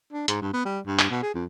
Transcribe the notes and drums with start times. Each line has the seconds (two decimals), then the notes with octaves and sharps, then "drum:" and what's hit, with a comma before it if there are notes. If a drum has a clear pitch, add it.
0.13 D4
0.28 G#2, drum: hi-hat
0.42 G2
0.53 B3
0.65 G3
0.86 G2
0.99 drum: clap
1.10 B2
1.23 G#4
1.35 F2